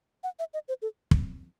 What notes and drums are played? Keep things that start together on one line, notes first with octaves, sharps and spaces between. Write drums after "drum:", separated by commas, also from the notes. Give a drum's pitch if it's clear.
F#5
E5
D#5
C5
A4
drum: kick